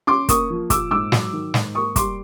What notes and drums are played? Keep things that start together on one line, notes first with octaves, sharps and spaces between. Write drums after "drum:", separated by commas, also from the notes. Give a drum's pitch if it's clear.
C#4 C6 D6
A#3 C#6 D#6, drum: kick, hi-hat
F3
A#2 D6 E6, drum: kick, hi-hat
G#2 D6 E6
F#3, drum: snare
D#3
G#2, drum: snare
A#3 C#6 D#6
G3 C6 D6, drum: kick, hi-hat